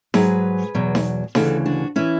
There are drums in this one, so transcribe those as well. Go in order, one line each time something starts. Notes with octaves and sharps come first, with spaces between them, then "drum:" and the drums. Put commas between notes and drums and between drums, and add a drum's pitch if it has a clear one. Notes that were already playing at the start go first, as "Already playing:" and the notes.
G#2 F#3 G#4 B4, drum: snare D#4
E2 B2 F#3
drum: snare D#4
D2 C#3 E3 F#4 A4, drum: snare D#4
D4 F#4
E3 C#4 E4